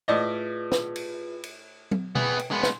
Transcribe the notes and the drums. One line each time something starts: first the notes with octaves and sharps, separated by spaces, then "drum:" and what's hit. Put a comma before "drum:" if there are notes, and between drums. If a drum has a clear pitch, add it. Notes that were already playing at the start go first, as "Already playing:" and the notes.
A2 F4 G#4 B4 D5 D#5
drum: snare
drum: cymbal
drum: cymbal
drum: tom F#3
B3 G#4 B4 G5, drum: tom B2
drum: cymbal
G#3 B3 C6
drum: snare